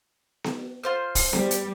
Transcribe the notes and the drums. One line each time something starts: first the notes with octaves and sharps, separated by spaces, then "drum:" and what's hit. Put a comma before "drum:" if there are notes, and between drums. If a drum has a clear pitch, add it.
drum: snare B3
F4 C5 F6
drum: kick, open hi-hat
G3, drum: snare B3
drum: hi-hat